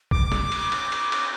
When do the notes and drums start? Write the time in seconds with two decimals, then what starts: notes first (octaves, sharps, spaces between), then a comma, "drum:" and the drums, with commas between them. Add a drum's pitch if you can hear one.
0.11 D6, drum: kick
0.32 drum: snare
0.52 drum: cymbal
0.72 drum: cymbal
0.92 drum: cymbal
1.12 drum: cymbal